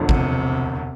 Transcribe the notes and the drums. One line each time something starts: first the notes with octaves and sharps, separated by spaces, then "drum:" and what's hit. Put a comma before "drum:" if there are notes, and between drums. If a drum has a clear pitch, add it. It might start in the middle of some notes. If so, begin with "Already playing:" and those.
Already playing: E1 D2 D3 F3
C3, drum: kick